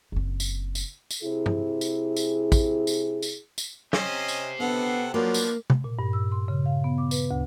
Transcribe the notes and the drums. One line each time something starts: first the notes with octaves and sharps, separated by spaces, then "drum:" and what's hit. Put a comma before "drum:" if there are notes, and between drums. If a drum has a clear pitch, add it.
F#1 C4
drum: tambourine
drum: tambourine
drum: tambourine
C3 E4 G#4
drum: tom G2
drum: tambourine
drum: tambourine
drum: kick, tambourine
drum: tambourine
drum: tambourine
drum: tambourine
C#4 G4 C5 D#5, drum: snare
drum: tambourine
D3 B3 A4 F#5
F3 F#3 A#3 B3 D4
drum: tambourine
drum: tom C3
A#2
G2
E6
C6
C#3
F5
B3
D6
B4, drum: tambourine
D2